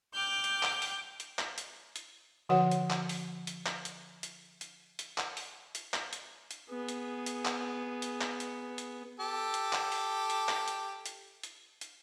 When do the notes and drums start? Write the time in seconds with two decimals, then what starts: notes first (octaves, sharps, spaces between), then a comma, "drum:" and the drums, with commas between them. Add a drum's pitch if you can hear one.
0.14 G5 D6 F6 G6
0.44 drum: hi-hat
0.63 drum: clap
0.82 drum: open hi-hat
1.20 drum: hi-hat
1.39 drum: clap
1.58 drum: hi-hat
1.96 drum: hi-hat
2.49 D3 F3 F#4 B4 C#5 F#5
2.71 drum: hi-hat
2.90 drum: clap
3.09 drum: open hi-hat
3.47 drum: hi-hat
3.66 drum: clap
3.85 drum: hi-hat
4.23 drum: hi-hat
4.61 drum: hi-hat
4.99 drum: hi-hat
5.18 drum: clap
5.37 drum: open hi-hat
5.75 drum: hi-hat
5.94 drum: clap
6.13 drum: hi-hat
6.51 drum: hi-hat
6.70 B3 G#4
6.89 drum: hi-hat
7.26 drum: hi-hat
7.45 drum: clap
8.02 drum: hi-hat
8.21 drum: clap
8.40 drum: hi-hat
8.78 drum: hi-hat
9.19 G4 A4
9.54 drum: hi-hat
9.73 drum: clap
9.92 drum: open hi-hat
10.30 drum: hi-hat
10.49 drum: clap
10.68 drum: hi-hat
11.06 drum: hi-hat
11.43 drum: hi-hat
11.81 drum: hi-hat